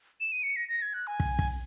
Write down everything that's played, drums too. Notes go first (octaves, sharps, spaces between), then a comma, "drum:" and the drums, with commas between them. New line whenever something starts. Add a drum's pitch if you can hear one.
E7
D#7
C#7
A#6
A#6
G#6
F#6
G#5
drum: kick
drum: kick